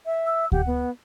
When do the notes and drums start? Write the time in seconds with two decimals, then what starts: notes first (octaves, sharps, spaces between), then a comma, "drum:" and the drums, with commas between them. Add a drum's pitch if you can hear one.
0.06 E5
0.26 E6
0.52 G4 F#5, drum: kick D2
0.67 B3